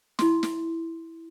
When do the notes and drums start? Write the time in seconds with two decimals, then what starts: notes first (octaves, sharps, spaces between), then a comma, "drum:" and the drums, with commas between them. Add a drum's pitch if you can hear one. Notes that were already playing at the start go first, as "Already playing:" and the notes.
0.19 E4 C6, drum: snare
0.43 drum: snare